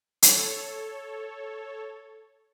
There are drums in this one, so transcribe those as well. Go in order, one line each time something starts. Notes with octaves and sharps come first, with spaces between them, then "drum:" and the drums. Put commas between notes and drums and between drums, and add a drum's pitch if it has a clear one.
A4 C#5, drum: hi-hat